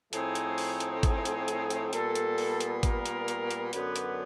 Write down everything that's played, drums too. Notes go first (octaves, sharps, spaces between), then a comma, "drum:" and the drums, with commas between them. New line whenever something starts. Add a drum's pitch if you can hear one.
A2 F3 A3 C4 D#4 G#4, drum: hi-hat
drum: hi-hat
drum: open hi-hat
drum: hi-hat
G#4, drum: kick, hi-hat
drum: hi-hat
drum: hi-hat
drum: hi-hat
A#2 G3 B3 A4, drum: hi-hat
drum: hi-hat
drum: open hi-hat
drum: hi-hat
A#4, drum: kick, hi-hat
drum: hi-hat
drum: hi-hat
drum: hi-hat
F#2 D3 F#3 B3 D4 B4, drum: hi-hat
drum: hi-hat